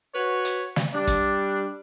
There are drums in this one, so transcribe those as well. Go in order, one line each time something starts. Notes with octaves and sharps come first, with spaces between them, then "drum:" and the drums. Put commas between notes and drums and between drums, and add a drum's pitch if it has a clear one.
F#4 B4 C#5
drum: hi-hat
drum: snare
G3 D4
drum: kick, hi-hat